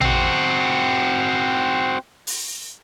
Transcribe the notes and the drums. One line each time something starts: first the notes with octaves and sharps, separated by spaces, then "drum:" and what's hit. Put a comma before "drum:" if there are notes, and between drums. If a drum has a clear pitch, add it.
C4 F#4, drum: tom A1
drum: open hi-hat